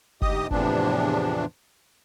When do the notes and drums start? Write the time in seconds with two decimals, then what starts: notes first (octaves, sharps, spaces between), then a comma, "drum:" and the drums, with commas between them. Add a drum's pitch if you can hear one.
0.22 D2 G#2 G4 D#5 D#6, drum: kick F#1
0.51 E2 A2 C3 E3 F3 D4, drum: kick F#1